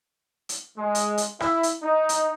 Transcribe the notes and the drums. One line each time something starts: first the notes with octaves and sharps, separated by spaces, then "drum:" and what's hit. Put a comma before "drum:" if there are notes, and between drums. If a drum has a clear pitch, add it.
drum: hi-hat
G#3
drum: hi-hat
drum: hi-hat
E4, drum: rim click
drum: hi-hat
D#4
drum: hi-hat